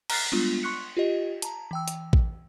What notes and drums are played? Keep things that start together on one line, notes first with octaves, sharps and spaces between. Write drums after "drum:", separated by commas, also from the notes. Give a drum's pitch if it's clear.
A#5 F6 F#6 A6 C7, drum: cymbal
G3 G#3 B3 D4 F4
C6 C#6 F#6 C#7
F4 G4 D#5
A5 A#5, drum: hi-hat
E3 G5 E6
drum: hi-hat
drum: kick A1